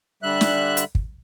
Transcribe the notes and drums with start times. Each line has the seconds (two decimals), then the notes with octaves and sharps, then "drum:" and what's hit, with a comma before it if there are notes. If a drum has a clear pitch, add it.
0.23 D3 G3 E5 F#6
0.41 drum: snare
0.77 drum: hi-hat
0.95 drum: kick